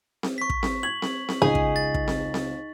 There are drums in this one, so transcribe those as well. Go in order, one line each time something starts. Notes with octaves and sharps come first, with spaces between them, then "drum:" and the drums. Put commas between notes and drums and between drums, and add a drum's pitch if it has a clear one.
drum: snare C4
C#6 B6
drum: kick
drum: snare C4
G#6 F#7
drum: snare C4
drum: snare C4
C#2 D#4 G#4
drum: kick
A6
drum: kick
drum: snare C4
drum: snare C4